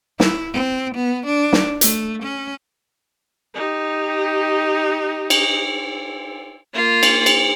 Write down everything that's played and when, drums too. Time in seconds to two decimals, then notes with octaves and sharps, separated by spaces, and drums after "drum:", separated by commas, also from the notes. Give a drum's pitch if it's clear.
0.20 E4, drum: snare
0.54 C4
0.95 B3
1.26 D4
1.53 drum: snare
1.81 A3, drum: hi-hat
2.22 C#4
3.55 D#4 G4
5.30 drum: cymbal
6.74 A#3 F4
7.03 drum: cymbal
7.26 drum: cymbal